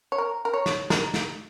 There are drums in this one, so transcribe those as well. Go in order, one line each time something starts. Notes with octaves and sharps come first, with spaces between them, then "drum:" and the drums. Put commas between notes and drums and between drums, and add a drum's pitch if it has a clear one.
C#5
A#4
A#4
C#5
drum: snare
A#4, drum: snare
drum: snare